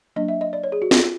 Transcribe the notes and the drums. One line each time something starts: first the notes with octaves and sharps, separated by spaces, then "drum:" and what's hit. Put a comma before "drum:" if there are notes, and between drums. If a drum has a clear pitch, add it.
F#3 A#3 D4 D#5
E5
D#5
D5
C#5
G#4
F#4
F4, drum: snare